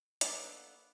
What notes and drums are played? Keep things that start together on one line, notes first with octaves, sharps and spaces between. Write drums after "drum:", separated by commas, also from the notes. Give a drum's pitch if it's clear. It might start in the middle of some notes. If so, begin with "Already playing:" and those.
A#3 B3 C#4 D4 A4, drum: hi-hat